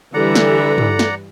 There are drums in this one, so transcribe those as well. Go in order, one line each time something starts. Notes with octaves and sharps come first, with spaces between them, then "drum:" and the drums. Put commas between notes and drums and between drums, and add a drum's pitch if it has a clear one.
D3 E3 G3 A4 D5 F#5 A#5
drum: snare
drum: tom
drum: snare